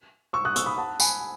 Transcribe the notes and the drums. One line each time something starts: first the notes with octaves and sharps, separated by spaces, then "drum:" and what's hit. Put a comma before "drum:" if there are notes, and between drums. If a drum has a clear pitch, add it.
C#6 E6
D#6 F#6
C#6 E6, drum: hi-hat
B5 D#6
F#5 A5
G#5 B5, drum: tambourine